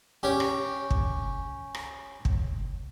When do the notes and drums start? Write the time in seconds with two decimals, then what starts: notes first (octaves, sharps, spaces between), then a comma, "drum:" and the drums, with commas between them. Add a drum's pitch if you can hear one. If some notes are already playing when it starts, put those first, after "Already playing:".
0.23 C#4 G4
0.40 drum: rim click
0.90 drum: kick
1.75 drum: rim click
2.25 drum: kick